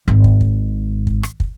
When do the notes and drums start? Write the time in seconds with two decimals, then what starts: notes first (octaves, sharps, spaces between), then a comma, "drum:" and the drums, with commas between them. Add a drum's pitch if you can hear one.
0.08 G#1 G#2
0.24 drum: kick
0.41 drum: kick
1.07 drum: kick
1.23 drum: rim click
1.40 drum: kick